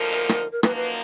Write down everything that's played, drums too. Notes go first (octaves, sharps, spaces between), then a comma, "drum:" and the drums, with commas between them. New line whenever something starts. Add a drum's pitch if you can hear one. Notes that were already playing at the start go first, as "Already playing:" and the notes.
Already playing: D2 D3 F3 A#3 D#4 A#4
drum: hi-hat
drum: rim click
A#4
F#2 F3 A#3 D#4 B4, drum: rim click
B4